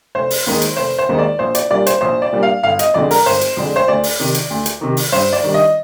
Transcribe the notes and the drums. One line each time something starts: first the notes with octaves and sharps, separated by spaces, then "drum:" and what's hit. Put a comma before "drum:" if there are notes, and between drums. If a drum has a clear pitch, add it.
F1 C5
drum: open hi-hat
D#2 D#3 G#3 D#4
drum: hi-hat
F1 C5
C5
D#2 D#3 G#3 D#4
D5
A#1 C5
D5, drum: hi-hat
A#2 G3 A#3 D4 D5
C5, drum: hi-hat
A#1 C5
D5
A#2 G3 A#3 D4
F5
G1 F5
D#5, drum: hi-hat
F2 D3 G#3 D4 D5
A#4, drum: open hi-hat
G1 C5
drum: hi-hat
F2 D3 G#3 D4
C5
D2 D5
drum: open hi-hat
C3 D#3
drum: hi-hat
D2
drum: hi-hat
C3 D#3
drum: open hi-hat
G2 C5
D5
D#3 G3 D4
D#5